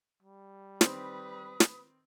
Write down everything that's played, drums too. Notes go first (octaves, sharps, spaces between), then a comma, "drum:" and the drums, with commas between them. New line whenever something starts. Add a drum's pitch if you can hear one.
G3
D#3 C4 B4 B5 D#6, drum: snare
drum: snare